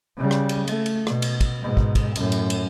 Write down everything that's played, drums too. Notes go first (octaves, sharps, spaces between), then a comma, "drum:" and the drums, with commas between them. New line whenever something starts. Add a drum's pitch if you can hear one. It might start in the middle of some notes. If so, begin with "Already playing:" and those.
C#3 G3
drum: rim click
drum: cymbal
A3, drum: cymbal
drum: cymbal
B2, drum: rim click
drum: cymbal
drum: kick, cymbal
G#2 B2
drum: kick
drum: kick, cymbal
F#2 A2, drum: cymbal
drum: cymbal
drum: cymbal